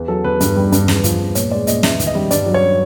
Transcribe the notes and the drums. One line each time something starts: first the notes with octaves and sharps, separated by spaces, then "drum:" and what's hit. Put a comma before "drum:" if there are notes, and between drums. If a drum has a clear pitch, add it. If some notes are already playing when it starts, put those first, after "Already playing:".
Already playing: E2
F#3 A4
E2 B4
G2, drum: hi-hat
G3
G2, drum: hi-hat
E2, drum: snare
F3, drum: kick, hi-hat
E2
A#2 C#5, drum: hi-hat
G#3 D5
A#2 D#5, drum: hi-hat
E2 E5, drum: snare
D#3, drum: kick, hi-hat
D#5
G3
G2 D5, drum: hi-hat
F#3
C#5